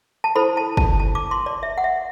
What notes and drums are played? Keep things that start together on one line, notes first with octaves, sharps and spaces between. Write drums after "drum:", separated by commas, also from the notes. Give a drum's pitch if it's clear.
A5
E4 A4 C5 B5
A5
A5, drum: kick
A5
D6
C6
D5
E5
F#5
E5